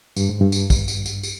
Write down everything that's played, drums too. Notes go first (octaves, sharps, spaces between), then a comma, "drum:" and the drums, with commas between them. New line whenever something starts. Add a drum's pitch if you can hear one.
G2, drum: tambourine
G#2
G2
drum: tambourine
drum: kick, tambourine
drum: tambourine
drum: tambourine
drum: tambourine